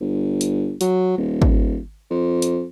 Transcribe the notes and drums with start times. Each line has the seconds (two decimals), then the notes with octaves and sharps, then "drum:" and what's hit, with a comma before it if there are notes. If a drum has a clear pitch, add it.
0.01 G1
0.41 drum: hi-hat
0.81 F#3, drum: hi-hat
1.18 D#1
1.42 drum: kick
2.11 F2
2.42 drum: hi-hat